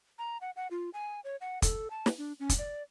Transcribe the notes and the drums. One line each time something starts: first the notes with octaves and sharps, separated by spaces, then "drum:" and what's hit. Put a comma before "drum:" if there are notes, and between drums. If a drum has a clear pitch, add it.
A#5
F#5
F#5
F4
G#5
C#5
F#5
A4, drum: kick, hi-hat
A5
drum: snare
D4
C#4
drum: kick, hi-hat
D5